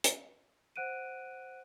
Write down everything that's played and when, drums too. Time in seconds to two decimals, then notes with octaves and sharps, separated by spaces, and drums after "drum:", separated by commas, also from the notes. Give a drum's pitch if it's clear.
0.04 drum: hi-hat
0.76 C5 F#5 F#6 D7 D#7